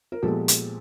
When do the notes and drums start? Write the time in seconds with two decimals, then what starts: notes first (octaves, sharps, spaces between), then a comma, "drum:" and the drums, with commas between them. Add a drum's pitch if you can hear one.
0.12 A#4
0.22 A#2 F3 G#3 B3 G4 A4
0.48 drum: hi-hat